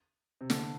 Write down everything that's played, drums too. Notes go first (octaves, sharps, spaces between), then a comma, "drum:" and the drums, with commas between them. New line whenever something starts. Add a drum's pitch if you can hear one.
C3
D3, drum: snare